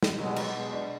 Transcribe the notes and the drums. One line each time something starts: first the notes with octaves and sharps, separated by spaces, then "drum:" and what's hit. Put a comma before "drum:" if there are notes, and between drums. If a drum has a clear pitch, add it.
drum: snare
B2 F#3 G#3 B3
G3
F#3, drum: cymbal
B2 G#3 B3
D4